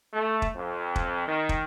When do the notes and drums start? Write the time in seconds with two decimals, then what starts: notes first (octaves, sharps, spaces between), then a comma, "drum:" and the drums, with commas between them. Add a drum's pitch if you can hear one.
0.12 A3
0.42 drum: kick
0.55 F2
0.96 drum: kick
1.27 D#3
1.49 drum: kick